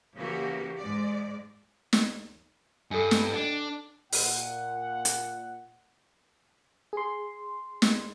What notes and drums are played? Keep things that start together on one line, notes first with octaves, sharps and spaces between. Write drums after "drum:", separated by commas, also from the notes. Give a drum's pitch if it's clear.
C#3 E3 A#3 F#4 G4
G#2 G#3 D5
drum: snare
G2 A4 D#5 G#5
drum: snare
D4 D#5 G5
A#2 F#5, drum: open hi-hat
drum: hi-hat
G#4 C6
drum: snare